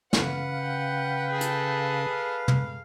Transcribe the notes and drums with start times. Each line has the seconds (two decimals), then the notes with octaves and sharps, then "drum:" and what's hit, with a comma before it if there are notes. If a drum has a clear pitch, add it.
0.13 C#3 B4 F5 F#5, drum: snare
0.61 G5
1.32 G#4 A4
1.41 drum: hi-hat
2.09 F5
2.48 drum: tom